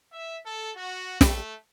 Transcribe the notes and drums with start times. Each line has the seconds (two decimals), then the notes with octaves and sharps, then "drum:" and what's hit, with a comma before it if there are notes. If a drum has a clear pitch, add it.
0.13 E5
0.46 A4
0.77 F#4
1.21 A3, drum: snare